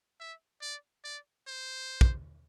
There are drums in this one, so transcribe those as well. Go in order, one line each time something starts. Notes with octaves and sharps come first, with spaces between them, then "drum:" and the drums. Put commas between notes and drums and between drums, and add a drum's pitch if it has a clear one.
E5
D5
D5
C5
drum: kick